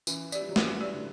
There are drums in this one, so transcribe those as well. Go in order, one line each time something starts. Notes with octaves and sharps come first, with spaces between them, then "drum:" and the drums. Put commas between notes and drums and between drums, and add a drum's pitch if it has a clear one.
E3 C#4, drum: tambourine
G4 D5, drum: tambourine
G3
F#3
E3 C#4, drum: snare A3
G4 D5
D3